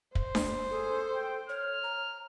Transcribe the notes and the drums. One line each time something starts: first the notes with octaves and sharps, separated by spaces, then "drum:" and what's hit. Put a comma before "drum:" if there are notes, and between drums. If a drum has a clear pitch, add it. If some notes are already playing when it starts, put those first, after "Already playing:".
C5, drum: kick
drum: snare D4
G#4 A4
G5
C#5 F6
A#5